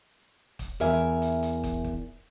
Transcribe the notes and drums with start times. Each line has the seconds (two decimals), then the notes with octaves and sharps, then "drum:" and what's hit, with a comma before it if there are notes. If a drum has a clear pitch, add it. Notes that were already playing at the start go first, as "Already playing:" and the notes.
0.59 drum: kick, hi-hat
0.80 E2 A#4 E5 G#5, drum: hi-hat
1.22 drum: hi-hat
1.43 drum: hi-hat
1.64 drum: kick, hi-hat
1.84 drum: kick